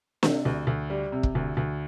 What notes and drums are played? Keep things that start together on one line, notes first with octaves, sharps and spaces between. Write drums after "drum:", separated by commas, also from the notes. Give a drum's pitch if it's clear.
C3, drum: snare
D2
D2
G3
C3
drum: kick
D2
D2